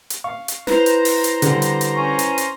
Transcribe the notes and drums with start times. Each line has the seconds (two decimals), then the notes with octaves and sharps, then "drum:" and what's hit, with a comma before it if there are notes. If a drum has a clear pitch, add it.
0.10 drum: hi-hat
0.24 F5 C#6
0.48 drum: hi-hat
0.67 E4 B4 C5 A#5, drum: snare
0.86 drum: hi-hat
1.05 drum: open hi-hat
1.24 drum: hi-hat
1.42 D3 G3, drum: hi-hat
1.62 drum: hi-hat
1.81 drum: hi-hat
1.96 C#4
2.19 drum: hi-hat
2.38 drum: hi-hat